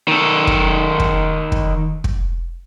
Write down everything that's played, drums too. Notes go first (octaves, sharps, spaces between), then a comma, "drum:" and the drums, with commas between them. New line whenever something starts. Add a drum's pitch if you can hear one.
D#3 A4
drum: kick
drum: kick
drum: kick
drum: kick